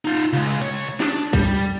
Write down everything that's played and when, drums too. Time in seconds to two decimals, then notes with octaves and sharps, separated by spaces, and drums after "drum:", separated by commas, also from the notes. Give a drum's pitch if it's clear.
0.05 D#4 F4
0.33 C#3 G#3
0.62 C#2 C#5, drum: hi-hat
1.00 D4, drum: snare
1.33 G3, drum: kick, hi-hat